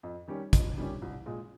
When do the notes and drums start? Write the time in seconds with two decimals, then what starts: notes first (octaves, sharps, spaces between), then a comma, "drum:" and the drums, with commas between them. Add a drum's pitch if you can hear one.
0.03 F2
0.28 D#3 G3 C#4 G4
0.53 F2, drum: kick, hi-hat
0.77 D#3 G3 C#4 G4
1.02 C2
1.26 A#2 G#3